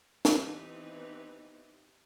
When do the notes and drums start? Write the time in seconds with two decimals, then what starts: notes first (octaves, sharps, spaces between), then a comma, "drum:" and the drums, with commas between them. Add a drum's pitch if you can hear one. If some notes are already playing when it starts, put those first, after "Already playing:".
0.25 E3 B3 C4 D#4 G4 B4, drum: snare